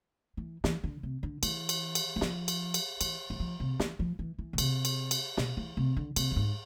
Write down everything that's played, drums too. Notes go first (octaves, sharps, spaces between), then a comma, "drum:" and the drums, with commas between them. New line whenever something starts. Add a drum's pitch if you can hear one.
E3
E3, drum: snare
D3
C3
D3
E3, drum: cymbal
drum: cymbal
drum: cymbal
E3
F3, drum: snare
drum: cymbal
drum: cymbal
E3, drum: cymbal
E3
F3
C3
E3, drum: snare
F3
E3
E3
B2
C3, drum: cymbal
drum: cymbal
drum: cymbal
B2, drum: snare
E3
C3
D3
C3, drum: cymbal
F2
G#2